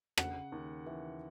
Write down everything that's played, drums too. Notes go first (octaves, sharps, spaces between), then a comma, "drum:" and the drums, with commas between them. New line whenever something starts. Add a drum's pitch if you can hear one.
C#3 F#5, drum: rim click
D#2
E3